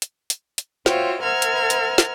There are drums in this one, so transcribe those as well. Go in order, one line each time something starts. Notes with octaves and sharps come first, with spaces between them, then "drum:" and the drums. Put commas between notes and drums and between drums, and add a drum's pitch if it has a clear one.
drum: hi-hat
drum: hi-hat
drum: hi-hat
F4 F#4 C5 C#5 E5 G5, drum: snare
A#4 C5 E5 F#5 F6 G#6
drum: hi-hat
drum: hi-hat
drum: snare